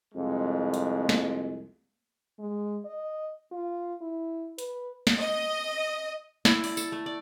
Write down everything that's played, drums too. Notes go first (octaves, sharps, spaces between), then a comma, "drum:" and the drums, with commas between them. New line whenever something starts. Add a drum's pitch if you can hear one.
C2 F2 G#3
drum: hi-hat
drum: snare
G#3
D#5
F4
E4
B4, drum: hi-hat
drum: snare
D#5
E4, drum: snare
D5, drum: open hi-hat
A4, drum: tambourine
A3
D5